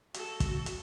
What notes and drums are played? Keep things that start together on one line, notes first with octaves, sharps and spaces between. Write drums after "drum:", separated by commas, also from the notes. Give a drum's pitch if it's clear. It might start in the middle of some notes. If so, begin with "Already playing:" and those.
F#4 A4, drum: hi-hat
drum: kick, hi-hat
drum: hi-hat